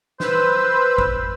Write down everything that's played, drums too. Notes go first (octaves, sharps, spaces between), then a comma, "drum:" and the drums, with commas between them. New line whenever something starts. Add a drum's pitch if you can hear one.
B4 C5 E6, drum: snare
drum: kick